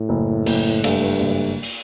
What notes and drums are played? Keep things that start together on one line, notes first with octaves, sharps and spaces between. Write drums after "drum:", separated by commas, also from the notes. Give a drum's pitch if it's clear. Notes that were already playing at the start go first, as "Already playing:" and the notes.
Already playing: A2
F#1
F#1, drum: cymbal
G2 A3, drum: cymbal
F#1
drum: open hi-hat